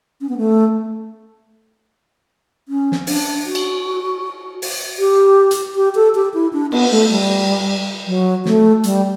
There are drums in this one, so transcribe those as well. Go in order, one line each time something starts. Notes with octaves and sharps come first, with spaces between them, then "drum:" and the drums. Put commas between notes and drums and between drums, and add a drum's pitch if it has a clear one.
C#4
B3
A3
C#4
drum: snare
D4, drum: open hi-hat
F#4
drum: cymbal
drum: open hi-hat
G4
drum: hi-hat
G4
A4
G4
E4
D4
B3, drum: cymbal
A3
G3
F#3
A3, drum: snare
G3, drum: hi-hat